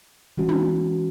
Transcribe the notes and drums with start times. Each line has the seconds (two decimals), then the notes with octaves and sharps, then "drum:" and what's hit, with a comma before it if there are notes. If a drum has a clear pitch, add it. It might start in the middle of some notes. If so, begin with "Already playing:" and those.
0.38 E3 G#3 C#4 F#4
0.49 drum: tom